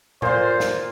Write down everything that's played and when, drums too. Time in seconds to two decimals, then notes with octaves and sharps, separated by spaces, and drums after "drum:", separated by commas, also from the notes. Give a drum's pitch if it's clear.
0.22 A#2 F4 C5, drum: tom A2
0.60 drum: snare